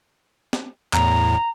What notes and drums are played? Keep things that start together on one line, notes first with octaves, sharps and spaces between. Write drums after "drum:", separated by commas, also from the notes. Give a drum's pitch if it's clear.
drum: snare C4
E2 A2 A#5, drum: clap